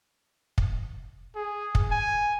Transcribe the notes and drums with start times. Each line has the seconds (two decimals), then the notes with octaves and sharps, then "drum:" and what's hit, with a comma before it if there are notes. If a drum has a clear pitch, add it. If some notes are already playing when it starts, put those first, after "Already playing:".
0.58 drum: kick
1.36 G#4
1.75 drum: kick
1.91 G#5